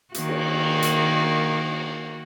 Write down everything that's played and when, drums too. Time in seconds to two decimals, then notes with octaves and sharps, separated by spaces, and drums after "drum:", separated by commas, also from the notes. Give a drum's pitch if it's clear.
0.14 D#3 A#3 F#4, drum: hi-hat
0.28 drum: cymbal
0.82 drum: hi-hat